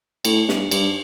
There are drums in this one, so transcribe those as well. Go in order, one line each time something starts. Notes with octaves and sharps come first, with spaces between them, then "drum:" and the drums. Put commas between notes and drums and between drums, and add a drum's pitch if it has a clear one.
A2, drum: cymbal
G2, drum: snare
G2, drum: cymbal